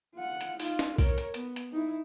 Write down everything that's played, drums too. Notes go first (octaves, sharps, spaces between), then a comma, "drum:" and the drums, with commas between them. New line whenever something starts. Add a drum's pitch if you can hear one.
F4 F#5
drum: hi-hat
D#4 F4, drum: open hi-hat
drum: snare D4
A#4 C#5, drum: kick, open hi-hat
drum: hi-hat
B3, drum: hi-hat
drum: hi-hat
D#4 E4